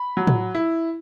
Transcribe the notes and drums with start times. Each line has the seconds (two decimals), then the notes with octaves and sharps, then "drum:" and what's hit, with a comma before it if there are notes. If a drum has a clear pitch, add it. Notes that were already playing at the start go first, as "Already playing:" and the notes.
Already playing: B5
0.17 F#3
0.27 drum: tom A2
0.55 E4